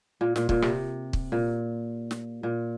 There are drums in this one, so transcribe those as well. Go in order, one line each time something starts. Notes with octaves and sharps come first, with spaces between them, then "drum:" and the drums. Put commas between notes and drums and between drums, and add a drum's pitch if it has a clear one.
A#2
A#2, drum: snare
A#2, drum: kick
C3, drum: rim click
drum: kick
A#2
drum: snare
A#2